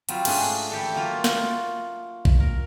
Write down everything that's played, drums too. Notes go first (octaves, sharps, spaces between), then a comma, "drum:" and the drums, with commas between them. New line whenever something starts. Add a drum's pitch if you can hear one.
F#3 G3 C4 F4, drum: hi-hat
G#2 A3 C#4 D4 G#4 F#5, drum: cymbal
E3 G4 A4
F#3 A#3 F4
F4 F#4 D5, drum: snare
drum: kick A#1
A#4